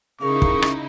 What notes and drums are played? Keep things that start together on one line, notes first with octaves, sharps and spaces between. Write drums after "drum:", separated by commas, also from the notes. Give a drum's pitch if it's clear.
C#3 C#4 D#4 E4 G#4 A#4 F5 C#6
drum: kick
drum: rim click